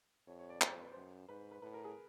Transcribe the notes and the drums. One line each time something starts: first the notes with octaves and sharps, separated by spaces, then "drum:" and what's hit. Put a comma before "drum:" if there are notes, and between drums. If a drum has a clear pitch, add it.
F2 C#5
C#5
D5
C#5, drum: clap
C5
B4
F#2 C5
G#2 B4
B4
A2 B4
A#4
G#4